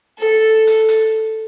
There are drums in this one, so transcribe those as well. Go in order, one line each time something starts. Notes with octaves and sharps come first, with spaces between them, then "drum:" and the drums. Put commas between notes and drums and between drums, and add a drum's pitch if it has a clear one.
A4
drum: hi-hat
drum: hi-hat